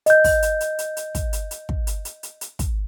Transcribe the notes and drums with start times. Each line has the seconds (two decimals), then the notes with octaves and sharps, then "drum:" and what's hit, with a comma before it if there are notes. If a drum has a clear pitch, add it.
0.06 D#5 G6, drum: hi-hat
0.24 drum: kick, open hi-hat
0.42 drum: hi-hat
0.60 drum: hi-hat
0.79 drum: hi-hat
0.97 drum: hi-hat
1.15 drum: kick, hi-hat
1.33 drum: hi-hat
1.51 drum: hi-hat
1.69 drum: kick
1.87 drum: hi-hat
2.05 drum: hi-hat
2.23 drum: hi-hat
2.41 drum: hi-hat
2.59 drum: kick, hi-hat